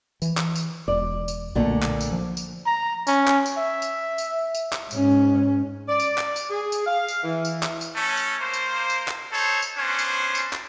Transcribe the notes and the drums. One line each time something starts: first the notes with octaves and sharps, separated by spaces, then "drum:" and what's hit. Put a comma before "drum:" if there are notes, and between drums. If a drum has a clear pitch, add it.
E3, drum: tambourine
drum: clap
drum: tambourine
E1 D5
drum: tambourine
B1 A#2 D3 A3
drum: clap
drum: tambourine
F3
drum: tambourine
A#5
C#4, drum: tambourine
drum: clap
drum: tambourine
E5
drum: tambourine
drum: tambourine
drum: tambourine
drum: clap
G#2 C#4, drum: tambourine
D5
drum: tambourine
drum: clap
drum: tambourine
G#4
drum: tambourine
F5
drum: tambourine
E3
drum: tambourine
drum: clap
drum: tambourine
A3 C#4
drum: tambourine
A#3 C5
drum: tambourine
drum: tambourine
drum: clap
D#4 A4 C5 C#5
drum: tambourine
B3 C#4 D4 C5
drum: tambourine
drum: tambourine
drum: clap